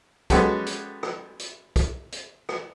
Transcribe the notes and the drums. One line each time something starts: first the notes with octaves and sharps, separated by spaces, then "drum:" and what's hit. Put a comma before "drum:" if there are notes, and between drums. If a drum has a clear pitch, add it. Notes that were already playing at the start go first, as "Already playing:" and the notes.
G#3 B3 C#4 F#4 G4 A4, drum: kick, hi-hat
drum: hi-hat
drum: rim click
drum: hi-hat
drum: kick, hi-hat
drum: hi-hat
drum: rim click